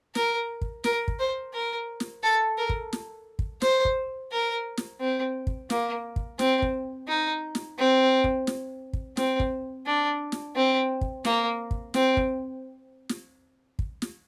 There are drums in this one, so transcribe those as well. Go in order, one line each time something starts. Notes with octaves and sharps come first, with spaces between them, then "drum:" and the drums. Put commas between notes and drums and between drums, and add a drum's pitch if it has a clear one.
A#4, drum: snare
drum: kick
A#4, drum: snare
drum: kick
C5
A#4
drum: snare
A4
A#4
drum: kick
drum: snare
drum: kick
C5, drum: snare
drum: kick
A#4
drum: snare
C4
drum: kick
A#3, drum: snare
drum: kick
C4, drum: snare
drum: kick
D#4
drum: snare
C4
drum: kick
drum: snare
drum: kick
C4, drum: snare
drum: kick
D4
drum: snare
C4
drum: kick
A#3, drum: snare
drum: kick
C4, drum: snare
drum: kick
drum: snare
drum: kick
drum: snare